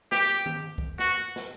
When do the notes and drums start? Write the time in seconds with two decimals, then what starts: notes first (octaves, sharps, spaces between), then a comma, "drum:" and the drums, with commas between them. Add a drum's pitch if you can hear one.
0.12 G4, drum: snare
0.46 drum: tom D#3
0.78 drum: kick C2
0.99 F#4, drum: snare
1.36 drum: snare